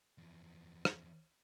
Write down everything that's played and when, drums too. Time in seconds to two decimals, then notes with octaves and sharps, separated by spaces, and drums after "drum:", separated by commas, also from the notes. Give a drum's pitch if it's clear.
0.18 E2 F3
0.85 drum: rim click